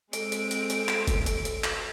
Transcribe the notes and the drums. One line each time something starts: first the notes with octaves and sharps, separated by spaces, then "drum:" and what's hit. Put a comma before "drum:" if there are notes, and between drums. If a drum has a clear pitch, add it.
G#3 C4 A4 D7, drum: hi-hat
drum: hi-hat
drum: hi-hat
drum: hi-hat
drum: clap
drum: kick, hi-hat
drum: hi-hat
drum: hi-hat
drum: clap